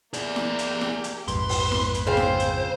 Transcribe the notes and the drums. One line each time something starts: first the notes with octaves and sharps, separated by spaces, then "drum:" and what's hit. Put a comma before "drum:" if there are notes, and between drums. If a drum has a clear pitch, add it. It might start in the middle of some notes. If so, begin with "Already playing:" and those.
A#3 G4 G#4 D5, drum: hi-hat
drum: snare E4
drum: hi-hat
drum: snare E4
drum: hi-hat
A#1 F2 G#2 B4 C6, drum: hi-hat
drum: open hi-hat
drum: snare E4
drum: hi-hat
C#3 C4 F4 C5
drum: snare E4
drum: hi-hat